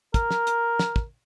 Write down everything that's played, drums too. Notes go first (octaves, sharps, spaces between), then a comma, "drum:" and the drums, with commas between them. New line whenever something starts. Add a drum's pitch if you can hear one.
A#4, drum: kick, hi-hat
drum: snare
drum: hi-hat
drum: snare
drum: kick